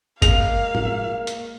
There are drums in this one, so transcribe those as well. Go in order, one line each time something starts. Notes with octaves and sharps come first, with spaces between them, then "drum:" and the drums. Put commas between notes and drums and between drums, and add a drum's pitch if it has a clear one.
G#3 A#3 F5 F7, drum: kick G1, hi-hat
drum: tom A2
drum: hi-hat